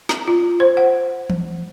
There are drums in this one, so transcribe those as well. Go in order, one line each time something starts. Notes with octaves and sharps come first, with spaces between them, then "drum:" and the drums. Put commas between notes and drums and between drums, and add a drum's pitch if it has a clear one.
A#5, drum: snare
F4
C5
F#5
drum: tom E3